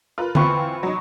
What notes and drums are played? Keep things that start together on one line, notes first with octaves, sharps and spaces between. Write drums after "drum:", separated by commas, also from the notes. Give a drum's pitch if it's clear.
F4 A#4 B4
E3 C4 F4 B4 C#6, drum: tom D3
F#3 D#4